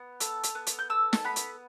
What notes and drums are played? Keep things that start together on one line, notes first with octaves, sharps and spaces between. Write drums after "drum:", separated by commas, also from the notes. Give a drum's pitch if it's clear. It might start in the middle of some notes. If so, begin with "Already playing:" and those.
Already playing: B3
A4, drum: hi-hat
drum: hi-hat
B3
drum: hi-hat
G6
A4 E6
A5, drum: snare
B3 B5
drum: hi-hat